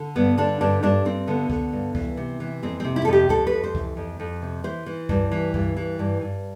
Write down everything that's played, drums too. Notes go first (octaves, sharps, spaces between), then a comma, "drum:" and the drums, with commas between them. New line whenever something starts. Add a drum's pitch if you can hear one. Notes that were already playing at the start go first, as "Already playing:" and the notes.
Already playing: D3
G2 B3
D3 D4
G2 D4
G2 D4
G2 C4
D3 B3
D3, drum: kick C#2
G2
E3, drum: kick C#2
C3
E3
F2 C4
C3 C4
E4
A4
F2
G4
F2 A4, drum: kick C#2
B4
F2
C5
E3, drum: kick C#2
F2
F2
C3
E3 C5
E3
G2, drum: kick C#2
E3
G2, drum: kick C#2
E3
G2
G2